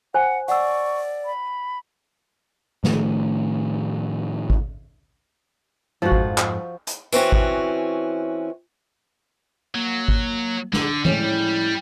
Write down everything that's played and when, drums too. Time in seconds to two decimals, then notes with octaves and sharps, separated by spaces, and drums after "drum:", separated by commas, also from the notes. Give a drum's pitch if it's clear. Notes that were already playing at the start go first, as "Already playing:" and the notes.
0.14 C5 F#5 G#5
0.48 D5 F#5 C#6 E6
1.25 B5
2.84 A2 D#3 F3 A3, drum: snare
4.50 drum: kick G#1
6.02 F2 G#2 F3 F4 F#4
6.12 drum: kick G#1
6.38 drum: clap
6.87 drum: hi-hat
7.12 E3 C4 C#4 F#4, drum: tambourine
7.32 drum: kick G#1
9.75 F#3 A#3
10.08 drum: kick G#1
10.73 D3 D4, drum: snare
11.05 A2 F3 G3 G#3 C#4, drum: tom E3